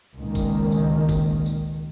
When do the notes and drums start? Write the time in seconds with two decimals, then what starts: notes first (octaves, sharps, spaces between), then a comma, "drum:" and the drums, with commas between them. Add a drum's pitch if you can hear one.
0.17 C#2 A#2 D#3
0.35 drum: kick G1, tambourine
0.72 drum: tambourine
1.09 drum: kick G1, tambourine
1.46 drum: tambourine